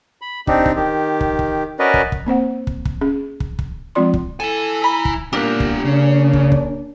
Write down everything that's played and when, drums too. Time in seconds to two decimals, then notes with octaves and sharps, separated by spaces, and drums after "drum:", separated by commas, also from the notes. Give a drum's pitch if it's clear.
0.21 B5
0.47 C4 D4 D#4 G4, drum: kick
0.66 drum: kick
0.76 D#3 G4
1.21 drum: kick
1.39 drum: kick
1.79 C#4 F#4 A#4 B4 D5 D#5
1.94 drum: kick
2.12 drum: kick
2.26 A#3 C4 C5 F#5
2.67 drum: kick
2.85 drum: kick
3.01 C#4 G#4
3.40 drum: kick
3.59 drum: kick
3.95 F3 G#3 C4 F4 D5 C6
4.14 drum: kick
4.40 E4 A4 G#5
4.84 A#5 B5
5.05 drum: kick
5.33 A#2 A#3 B3 D4 G4 A#4 F#6
5.60 drum: kick
5.85 C#3 A#3 C#4 D4
6.33 drum: kick
6.52 drum: kick